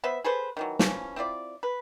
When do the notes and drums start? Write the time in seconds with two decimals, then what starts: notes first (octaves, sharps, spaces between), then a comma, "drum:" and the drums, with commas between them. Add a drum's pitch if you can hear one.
0.04 B3 B4 C5 E5
0.24 G#4 A4 B4 C5
0.57 D#3 E3 F#3
0.79 E3 F3 C#4, drum: snare
1.16 C4 E4 F4 D5
1.63 B4